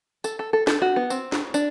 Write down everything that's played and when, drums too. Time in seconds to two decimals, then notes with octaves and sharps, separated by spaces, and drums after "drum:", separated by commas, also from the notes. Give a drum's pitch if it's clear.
0.24 A4, drum: tambourine
0.39 A4
0.53 A4
0.67 A4, drum: snare
0.82 F#4
0.96 B3
1.10 C4, drum: tambourine
1.32 drum: snare
1.54 D4, drum: tambourine